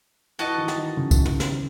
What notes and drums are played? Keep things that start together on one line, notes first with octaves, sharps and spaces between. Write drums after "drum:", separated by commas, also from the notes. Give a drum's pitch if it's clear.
E3 F#4 A4 D#5 A5
D#3
drum: snare
D#3
C#3
drum: kick, tambourine
drum: tom
drum: snare